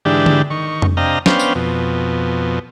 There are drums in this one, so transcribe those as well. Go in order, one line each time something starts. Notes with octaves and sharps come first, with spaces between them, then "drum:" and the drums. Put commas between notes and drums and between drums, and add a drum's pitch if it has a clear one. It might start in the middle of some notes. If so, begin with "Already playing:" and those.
G#2 D3 E3 D4 G4
drum: tom D3
D#3 C#6
drum: tom F2
C3 D4 D#5 F5 G5 A#5
B3 C#4 D4 C5 F5 G5, drum: snare
drum: tambourine
F2 B2